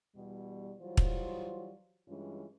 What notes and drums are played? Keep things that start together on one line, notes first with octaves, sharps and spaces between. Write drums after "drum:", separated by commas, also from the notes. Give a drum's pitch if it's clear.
E2 B2 G3
E3 F#3 G3 F4 C5
drum: kick
G2 E3 G#3 C#4 F4